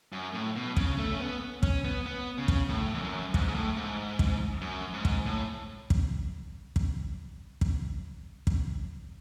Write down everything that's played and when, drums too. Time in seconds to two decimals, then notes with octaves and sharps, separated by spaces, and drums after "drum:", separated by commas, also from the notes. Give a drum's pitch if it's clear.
0.12 F#2
0.34 A2
0.56 B2
0.77 C#3, drum: kick
0.99 A3
1.12 C#4
1.20 B3
1.63 C#4, drum: kick
1.84 B3
2.06 B3
2.38 C#3
2.48 drum: kick
2.69 A2
2.94 E2
3.02 F#2
3.34 G#2, drum: kick
3.48 G#2
3.54 A2
3.77 G#2
4.19 drum: kick
4.61 F#2
4.93 G#2
5.05 drum: kick
5.26 A2
5.90 drum: kick
6.76 drum: kick
7.61 drum: kick
8.47 drum: kick